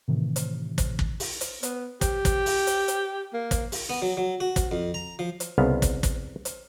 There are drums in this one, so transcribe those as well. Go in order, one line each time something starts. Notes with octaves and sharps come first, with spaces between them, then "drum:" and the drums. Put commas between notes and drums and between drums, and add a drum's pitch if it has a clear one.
A2 C3 D#3 E3
drum: hi-hat
drum: kick, hi-hat
drum: kick
drum: open hi-hat
drum: hi-hat
B3, drum: hi-hat
G4, drum: kick, hi-hat
drum: kick, hi-hat
drum: open hi-hat
drum: hi-hat
drum: hi-hat
A#3
drum: kick, hi-hat
drum: open hi-hat
B3
F#3
F#3
F#4
drum: kick, hi-hat
F2
A#5
F3
drum: hi-hat
C2 C#3 B3 F5
drum: kick, hi-hat
drum: kick, hi-hat
drum: hi-hat